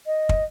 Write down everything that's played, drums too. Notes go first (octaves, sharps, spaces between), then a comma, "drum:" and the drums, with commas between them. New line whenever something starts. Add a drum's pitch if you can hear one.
D#5
drum: kick